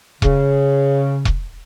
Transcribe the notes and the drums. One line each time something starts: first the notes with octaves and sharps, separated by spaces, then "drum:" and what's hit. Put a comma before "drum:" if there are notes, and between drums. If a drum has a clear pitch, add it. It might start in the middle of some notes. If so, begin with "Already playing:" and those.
C#3, drum: kick E1
drum: kick E1